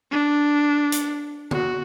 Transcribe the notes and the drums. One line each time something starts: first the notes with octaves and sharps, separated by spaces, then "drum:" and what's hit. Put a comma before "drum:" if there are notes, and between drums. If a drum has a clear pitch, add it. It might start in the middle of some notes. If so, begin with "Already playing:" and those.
D4
drum: hi-hat
F#4, drum: tom D3